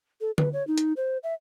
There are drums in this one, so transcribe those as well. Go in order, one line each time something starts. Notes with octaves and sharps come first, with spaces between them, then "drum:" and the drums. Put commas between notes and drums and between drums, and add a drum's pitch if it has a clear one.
A4
B4, drum: tom D3
C#5
D#4
drum: hi-hat
C5
E5